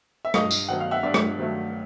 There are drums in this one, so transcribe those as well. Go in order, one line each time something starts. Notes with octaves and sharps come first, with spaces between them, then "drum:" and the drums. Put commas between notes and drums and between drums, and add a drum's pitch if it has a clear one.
E5
G2 D#5 F5, drum: rim click
drum: tambourine
D#3 F#3 A3 F#5
F5
E5 F#5
G2 D5 E5
drum: rim click
D#3 F#3 A3